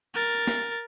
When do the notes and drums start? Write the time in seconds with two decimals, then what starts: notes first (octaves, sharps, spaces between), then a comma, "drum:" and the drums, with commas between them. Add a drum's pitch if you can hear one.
0.14 A#4 A6
0.47 drum: snare